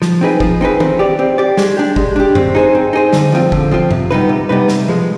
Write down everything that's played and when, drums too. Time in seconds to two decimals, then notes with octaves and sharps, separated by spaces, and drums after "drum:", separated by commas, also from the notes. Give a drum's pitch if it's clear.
0.02 F3, drum: snare
0.21 C4 D#4 G#4 B4
0.40 F3, drum: kick
0.61 C4 D#4 G#4 B4
0.80 C4, drum: tom D#3
0.99 G4 D5
1.19 C4
1.38 G4 D5
1.57 G#3, drum: snare
1.77 D4 G4
1.96 G#3, drum: kick
2.16 D4 G4
2.35 C4, drum: tom F#2
2.55 D#4 G#4 C5
2.75 C4
2.93 D#4 G#4 C5
3.13 D3, drum: snare
3.32 F3 C4 F4
3.52 D3, drum: kick
3.71 F3 C4 F4
3.91 C3, drum: tom F#2
4.11 G3 B3 D#4 B4
4.29 C3
4.49 G3 B3 D#4 B4
4.68 C3, drum: snare
4.88 F3 G#3